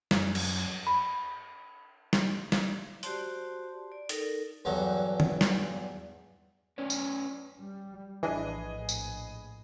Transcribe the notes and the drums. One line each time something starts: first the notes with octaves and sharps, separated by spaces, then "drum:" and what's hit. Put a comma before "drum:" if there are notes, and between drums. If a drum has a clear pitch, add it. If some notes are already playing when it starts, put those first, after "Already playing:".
F#2, drum: snare
drum: cymbal
B5
drum: snare
drum: snare
F#4 G4 C5 D5 A5 C6, drum: hi-hat
D5
D#4 A4 A#4, drum: hi-hat
E2 G2 F#3 A4
drum: tom
drum: snare
C#4 B4 C#5 D5
drum: tambourine
G3
A#1 A2 E3 D4 G#4 B4 D#5
drum: tambourine